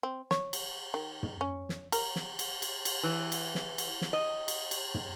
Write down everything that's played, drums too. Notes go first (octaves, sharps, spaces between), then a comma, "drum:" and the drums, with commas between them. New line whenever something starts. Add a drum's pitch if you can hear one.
C4
C#5, drum: snare
drum: cymbal
D#3
drum: tom
C#4
drum: snare
A#4, drum: cymbal
drum: snare
drum: cymbal
drum: cymbal
drum: cymbal
E3
drum: cymbal
drum: snare
drum: cymbal
drum: snare
D#5
drum: cymbal
drum: cymbal
drum: tom